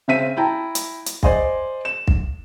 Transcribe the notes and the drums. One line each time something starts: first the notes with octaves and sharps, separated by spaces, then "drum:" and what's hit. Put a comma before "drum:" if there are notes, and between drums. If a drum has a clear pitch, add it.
C#3 C4 E5 B6 D#7
E4 G5 A5 A#5
drum: hi-hat
drum: hi-hat
C5 D5 D#5 G#5 C6, drum: kick
E7
drum: kick